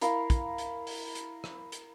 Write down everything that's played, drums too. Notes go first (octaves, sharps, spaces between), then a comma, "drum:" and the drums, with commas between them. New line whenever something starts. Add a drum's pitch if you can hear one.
E4 A#4 F5, drum: hi-hat
drum: kick, hi-hat
drum: hi-hat
drum: open hi-hat
drum: hi-hat
drum: rim click
drum: hi-hat